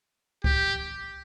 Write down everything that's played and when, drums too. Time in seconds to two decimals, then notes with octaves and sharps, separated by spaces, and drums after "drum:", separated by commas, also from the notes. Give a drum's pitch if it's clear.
0.44 G4, drum: kick C#2